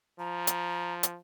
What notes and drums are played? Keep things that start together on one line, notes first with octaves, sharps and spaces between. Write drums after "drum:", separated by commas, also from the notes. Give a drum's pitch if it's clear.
F3 A#5
drum: hi-hat
drum: hi-hat